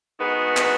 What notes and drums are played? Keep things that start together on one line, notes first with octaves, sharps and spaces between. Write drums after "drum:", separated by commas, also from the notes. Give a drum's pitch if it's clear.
D#3 G#3 B3 F#4
drum: clap